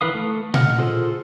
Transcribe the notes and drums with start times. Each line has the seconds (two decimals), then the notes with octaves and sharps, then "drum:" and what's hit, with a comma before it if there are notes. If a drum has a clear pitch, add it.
0.01 E3 A#4 B4 F5 D#6
0.14 A3
0.54 D#5 F#5 F6, drum: tom A#2
0.78 F4 G#4 A4 C5